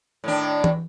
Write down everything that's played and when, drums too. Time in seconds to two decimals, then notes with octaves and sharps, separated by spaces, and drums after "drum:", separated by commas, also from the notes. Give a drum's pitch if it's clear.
0.24 A2 D#3 D4
0.64 drum: tom E3